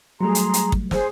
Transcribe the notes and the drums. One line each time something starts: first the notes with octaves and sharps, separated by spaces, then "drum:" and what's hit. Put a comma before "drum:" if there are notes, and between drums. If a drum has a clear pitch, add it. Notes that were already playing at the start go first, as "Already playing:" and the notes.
F#3 G3 A3 G#4 A#5 C6
drum: hi-hat
drum: hi-hat
drum: kick
G#4 C5, drum: snare